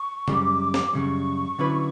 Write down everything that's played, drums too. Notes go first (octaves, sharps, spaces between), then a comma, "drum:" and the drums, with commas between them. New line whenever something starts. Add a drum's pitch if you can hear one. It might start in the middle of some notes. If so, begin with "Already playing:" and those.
Already playing: C#6
F#2 C#3 G3 D6, drum: tom C#3
drum: snare
F#2 C#3 G3 C#6
D3 F#3 C#4 E4 B4